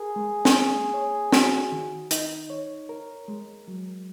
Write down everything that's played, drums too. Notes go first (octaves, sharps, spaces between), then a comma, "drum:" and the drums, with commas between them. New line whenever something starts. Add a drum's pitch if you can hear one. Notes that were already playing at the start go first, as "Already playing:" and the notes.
Already playing: G#4 A#4
G#3
drum: snare
A#3
C#5
F#4, drum: snare
D#3
D#4, drum: hi-hat
C#5
A#4
G#3
F#3